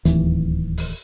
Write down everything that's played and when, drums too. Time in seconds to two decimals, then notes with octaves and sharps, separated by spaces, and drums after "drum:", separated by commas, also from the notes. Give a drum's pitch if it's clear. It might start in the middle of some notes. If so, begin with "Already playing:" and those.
0.05 D1 D#2 E3, drum: hi-hat
0.78 drum: open hi-hat